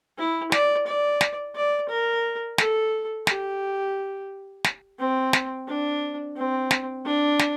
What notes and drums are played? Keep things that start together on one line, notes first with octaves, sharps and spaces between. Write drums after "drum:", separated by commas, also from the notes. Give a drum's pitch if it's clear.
E4
D5, drum: snare
D5
drum: snare
D5
A#4
A4, drum: snare
G4, drum: snare
drum: snare
C4
drum: snare
D4
C4
drum: snare
D4
drum: snare